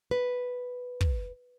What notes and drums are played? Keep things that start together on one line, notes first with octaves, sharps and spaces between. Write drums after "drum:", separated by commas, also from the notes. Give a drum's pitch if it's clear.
B4
drum: kick